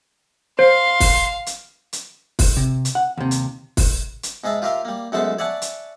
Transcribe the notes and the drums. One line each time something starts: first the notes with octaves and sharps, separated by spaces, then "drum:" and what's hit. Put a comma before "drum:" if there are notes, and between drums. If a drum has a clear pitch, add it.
C5 F5 C6
drum: kick, open hi-hat
drum: hi-hat
drum: hi-hat
drum: kick, open hi-hat
C3
drum: hi-hat
F#5
D#2 C3
drum: hi-hat
drum: kick, open hi-hat
drum: hi-hat
G#2 G#3 G#4 E5 A5
F4 G4 A#4 E5 F5 C6
G3 A#3
F#2 G#3 A3 B3 C5 A5
C#5 D5 E5 F#5 G#5 A5
drum: hi-hat